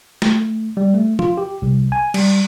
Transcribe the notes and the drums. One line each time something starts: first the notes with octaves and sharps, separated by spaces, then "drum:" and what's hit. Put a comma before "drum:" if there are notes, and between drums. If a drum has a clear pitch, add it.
A3, drum: snare
G3
A3
F4, drum: tom
G4
C2
G#5
G3, drum: cymbal